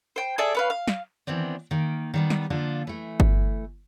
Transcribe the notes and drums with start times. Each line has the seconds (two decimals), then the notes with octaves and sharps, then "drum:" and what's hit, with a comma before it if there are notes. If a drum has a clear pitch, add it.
0.16 C5 G5
0.38 G#4 A4 D5 E5
0.55 C#4 B4 F5
0.70 F5
0.88 drum: snare
1.27 D#3 E3 B3 C4 D4
1.71 D#3 A#3
2.14 D#3 G3 B3
2.30 drum: snare
2.50 D3 F3 A#3 D4 F4
2.87 E3 A3
3.20 drum: kick G1